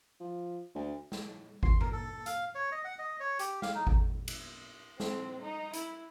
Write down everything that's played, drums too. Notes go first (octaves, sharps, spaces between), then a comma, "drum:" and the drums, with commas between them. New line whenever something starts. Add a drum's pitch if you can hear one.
F3
D2
drum: snare
C6, drum: kick G#1
A#4, drum: tom G2
A4
F5, drum: hi-hat
C#5
D#5
F#5
D#5
C#5
G4, drum: hi-hat
F5, drum: snare
D#4
drum: kick G#1
drum: cymbal
C4, drum: snare
D#4
E4, drum: hi-hat